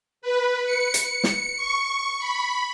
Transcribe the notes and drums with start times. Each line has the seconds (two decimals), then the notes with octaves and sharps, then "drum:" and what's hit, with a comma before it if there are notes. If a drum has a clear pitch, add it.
0.22 B4
0.64 C#7
0.94 drum: hi-hat
1.24 drum: snare
1.57 C#6
2.19 B5